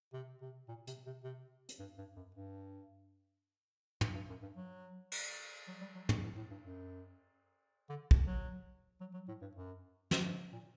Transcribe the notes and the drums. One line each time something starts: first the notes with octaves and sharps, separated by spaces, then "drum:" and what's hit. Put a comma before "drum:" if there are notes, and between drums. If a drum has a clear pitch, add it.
C3
C3
A#2
C3, drum: hi-hat
C3
C3
drum: hi-hat
G2
G2
F#2
G2
G2, drum: tom
G2
F#2
G2
F#3
drum: cymbal
F#3
G3
F#3
D#3, drum: tom
A2
A2
G2
F#2
D3
drum: kick
F#3
F#3
F#3
A2
G2
F#2
F#2, drum: snare
G2
A#2